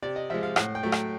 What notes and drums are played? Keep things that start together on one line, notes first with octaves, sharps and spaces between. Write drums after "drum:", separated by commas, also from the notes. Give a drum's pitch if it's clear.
C3 D5
D#5
F3 G#3 E5
F5
A2 F#5, drum: rim click
G5
F#3 A3
G5, drum: rim click